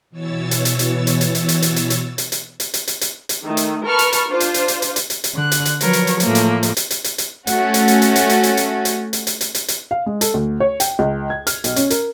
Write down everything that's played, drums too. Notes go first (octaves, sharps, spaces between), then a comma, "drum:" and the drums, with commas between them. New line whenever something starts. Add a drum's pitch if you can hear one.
B2 E3 C#5 E6 A6
drum: hi-hat
drum: hi-hat
drum: hi-hat
drum: hi-hat
drum: hi-hat
drum: hi-hat
drum: hi-hat
drum: hi-hat
drum: hi-hat
drum: hi-hat
drum: hi-hat
drum: hi-hat
drum: hi-hat
drum: hi-hat
drum: hi-hat
drum: hi-hat
drum: hi-hat
D#3 A3
drum: hi-hat
A#4 B4 A5 B5 C#6 F6
drum: hi-hat
drum: hi-hat
D4 F4 C5
drum: hi-hat
drum: hi-hat
drum: hi-hat
drum: hi-hat
drum: hi-hat
drum: hi-hat
drum: hi-hat
D3 F#6
drum: hi-hat
drum: hi-hat
F3 F#3 A#4 B4 C#5, drum: hi-hat
drum: hi-hat
drum: hi-hat
A2 F3 A3 A#3, drum: hi-hat
drum: hi-hat
drum: hi-hat
drum: hi-hat
drum: hi-hat
drum: hi-hat
drum: hi-hat
A3 C#4 F#4, drum: hi-hat
drum: hi-hat
drum: hi-hat
drum: hi-hat
drum: hi-hat
drum: hi-hat
drum: hi-hat
drum: hi-hat
drum: hi-hat
drum: hi-hat
drum: hi-hat
drum: hi-hat
drum: hi-hat
drum: hi-hat
F5
G#3
A4, drum: hi-hat
D2
C#5
G5, drum: hi-hat
C#2
G#6
F6, drum: hi-hat
B1, drum: hi-hat
C#4, drum: hi-hat
A#4, drum: hi-hat